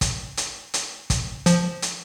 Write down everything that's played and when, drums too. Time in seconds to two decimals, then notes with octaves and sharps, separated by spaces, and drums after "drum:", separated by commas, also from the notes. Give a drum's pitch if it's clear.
0.01 drum: kick, hi-hat
0.37 drum: hi-hat
0.74 drum: hi-hat
1.10 drum: kick, hi-hat
1.46 F3, drum: hi-hat
1.82 drum: hi-hat